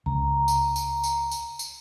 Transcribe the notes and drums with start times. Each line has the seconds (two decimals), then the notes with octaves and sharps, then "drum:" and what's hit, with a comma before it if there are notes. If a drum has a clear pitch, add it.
0.06 C#2 A#5
0.48 drum: tambourine
0.76 drum: tambourine
1.04 drum: tambourine
1.31 drum: tambourine
1.59 drum: tambourine